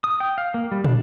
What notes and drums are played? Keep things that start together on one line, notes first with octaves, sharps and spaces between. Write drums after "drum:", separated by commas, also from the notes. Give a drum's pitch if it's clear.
D#6
G5
F5
A#3
G3
D4, drum: tom